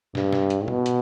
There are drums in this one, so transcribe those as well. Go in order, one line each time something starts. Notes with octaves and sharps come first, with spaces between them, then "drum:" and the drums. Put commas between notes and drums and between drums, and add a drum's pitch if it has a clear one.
G2, drum: snare
drum: snare
drum: hi-hat
B2, drum: tom B2
drum: hi-hat